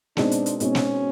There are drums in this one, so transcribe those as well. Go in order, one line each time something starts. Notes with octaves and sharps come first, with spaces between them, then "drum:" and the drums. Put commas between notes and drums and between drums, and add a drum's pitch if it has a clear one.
B2 G#3 C4 D4 D#4, drum: snare
drum: hi-hat
drum: hi-hat
B2 G#3 C4 C#4 D#4, drum: hi-hat
drum: snare